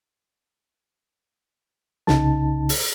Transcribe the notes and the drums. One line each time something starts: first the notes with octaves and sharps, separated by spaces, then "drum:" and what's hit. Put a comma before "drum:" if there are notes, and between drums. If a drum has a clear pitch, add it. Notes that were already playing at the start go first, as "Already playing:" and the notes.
C2 C#3 D#4 A5, drum: snare
drum: open hi-hat